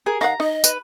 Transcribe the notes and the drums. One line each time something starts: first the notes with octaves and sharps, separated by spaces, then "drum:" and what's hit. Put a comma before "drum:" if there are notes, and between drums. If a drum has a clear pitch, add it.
G#4 A#4
D#3 F5 F#5 A#5
D#4 D#5
B4, drum: tambourine